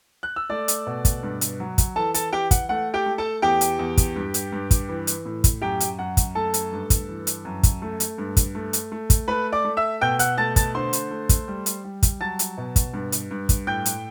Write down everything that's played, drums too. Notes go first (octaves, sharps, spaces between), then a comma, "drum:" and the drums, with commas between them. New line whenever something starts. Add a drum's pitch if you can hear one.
F#6
E6
A3 D5 D6
drum: hi-hat
B2
drum: kick, hi-hat
G2
drum: hi-hat
F#3
drum: kick, hi-hat
E3 A4 A5
A4 A5, drum: hi-hat
E3 G4 G5
F#5, drum: kick, hi-hat
A3 F#5
G4 G5
A3
A4 A5
E2 G4 G5
drum: hi-hat
E2
drum: kick, hi-hat
G2
drum: hi-hat
G2
drum: kick, hi-hat
E3
drum: hi-hat
A2
drum: kick, hi-hat
F#2 G4 G5
drum: hi-hat
F#2 F#5
drum: kick, hi-hat
A3 A4 A5
drum: hi-hat
G2
drum: kick, hi-hat
E3
drum: hi-hat
F#2
drum: kick, hi-hat
A3
drum: hi-hat
G2
drum: kick, hi-hat
A3
drum: hi-hat
A3
drum: kick, hi-hat
A3 B4 B5
D5 D6
A3
E5 E6
B2 G5 G6
F#5 F#6, drum: hi-hat
A3 A5 A6
A5 A6, drum: kick, hi-hat
D3 C5 C6
drum: hi-hat
A3
drum: kick, hi-hat
G3
drum: hi-hat
G3
drum: kick, hi-hat
F#3 A5 A6
drum: hi-hat
B2
drum: kick, hi-hat
G2
drum: hi-hat
G2
drum: kick, hi-hat
A2 G5 G6
drum: hi-hat